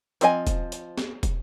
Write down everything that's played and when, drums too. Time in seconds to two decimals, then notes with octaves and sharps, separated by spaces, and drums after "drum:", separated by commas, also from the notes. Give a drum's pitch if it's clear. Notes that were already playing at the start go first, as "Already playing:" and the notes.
0.21 F3 C4 D#5 G#5, drum: hi-hat
0.47 drum: kick, hi-hat
0.72 drum: hi-hat
0.98 drum: snare
1.23 drum: kick, hi-hat